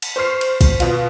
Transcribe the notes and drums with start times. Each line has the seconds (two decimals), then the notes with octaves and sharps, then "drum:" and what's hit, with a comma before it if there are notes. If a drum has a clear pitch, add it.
0.02 drum: cymbal
0.16 C5 C#6 F6 C7
0.41 drum: cymbal
0.61 drum: kick, cymbal
0.80 B2 F4, drum: cymbal